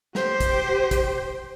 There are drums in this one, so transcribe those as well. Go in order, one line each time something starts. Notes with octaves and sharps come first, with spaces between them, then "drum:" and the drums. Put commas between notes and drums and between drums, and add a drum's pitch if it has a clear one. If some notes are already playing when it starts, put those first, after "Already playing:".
G4 C5, drum: snare
drum: kick, hi-hat
drum: kick, hi-hat